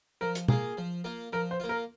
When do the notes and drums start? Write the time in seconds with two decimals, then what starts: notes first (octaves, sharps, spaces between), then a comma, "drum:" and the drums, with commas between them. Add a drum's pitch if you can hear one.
0.21 F3 A#4
0.35 drum: hi-hat
0.48 A#3 F4 G#4, drum: tom
0.77 F3
1.04 A#3 F4
1.33 F3 A#4
1.51 C5
1.60 A#3 F4
1.69 A#4